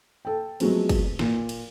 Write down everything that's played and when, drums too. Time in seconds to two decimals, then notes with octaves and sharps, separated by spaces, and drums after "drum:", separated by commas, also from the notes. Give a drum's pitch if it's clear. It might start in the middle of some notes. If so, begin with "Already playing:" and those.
0.25 A4 G5
0.60 F3 F#3 G#3 A3 B3 C4, drum: cymbal
0.89 drum: kick, cymbal
1.19 A#2, drum: snare
1.49 drum: cymbal